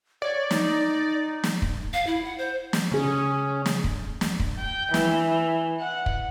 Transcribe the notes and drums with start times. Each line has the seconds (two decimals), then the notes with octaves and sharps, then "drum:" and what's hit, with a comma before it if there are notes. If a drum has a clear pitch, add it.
0.22 C#5 D5
0.51 D#4, drum: snare
1.44 drum: snare
1.62 drum: kick
1.93 F5
2.07 E4
2.24 F#5
2.38 C5
2.73 drum: snare
2.92 C#3 C#4 G#4
3.66 drum: snare
3.84 drum: kick
4.21 drum: snare
4.40 drum: kick
4.58 G5
4.94 E3, drum: snare
5.80 F#5
6.06 drum: kick